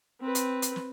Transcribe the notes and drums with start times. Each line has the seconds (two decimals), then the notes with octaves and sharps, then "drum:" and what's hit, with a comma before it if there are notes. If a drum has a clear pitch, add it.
0.21 C4 B4
0.35 drum: hi-hat
0.62 drum: hi-hat
0.76 drum: snare